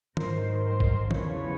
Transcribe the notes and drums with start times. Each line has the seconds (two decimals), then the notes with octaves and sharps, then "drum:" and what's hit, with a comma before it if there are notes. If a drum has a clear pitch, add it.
0.17 G#2 D#3 F#3 A#4 C5, drum: tom
0.64 A#4 C5
0.80 drum: kick
1.11 E2 C#3 F3 B4 C#5, drum: tom